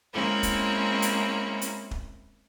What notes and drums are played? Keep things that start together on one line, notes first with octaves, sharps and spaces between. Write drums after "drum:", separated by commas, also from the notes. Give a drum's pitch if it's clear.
G#3 A#3 C4 C#4 E4
drum: kick D#1, hi-hat
drum: hi-hat
drum: hi-hat
drum: kick D#1